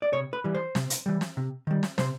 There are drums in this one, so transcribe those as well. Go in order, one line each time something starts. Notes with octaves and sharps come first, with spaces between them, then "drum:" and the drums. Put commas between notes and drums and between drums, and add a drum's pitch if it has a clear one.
D5
C3 C#5
B4
E3 G3
C5
C3, drum: snare
drum: hi-hat
E3 G3
drum: snare
C3
D#3 G3
drum: snare
C3 C5, drum: snare